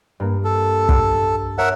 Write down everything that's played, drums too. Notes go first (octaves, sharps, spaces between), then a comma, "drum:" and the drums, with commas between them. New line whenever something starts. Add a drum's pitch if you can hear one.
G2 A#3
A4
drum: kick
A#4 C#5 E5 F#5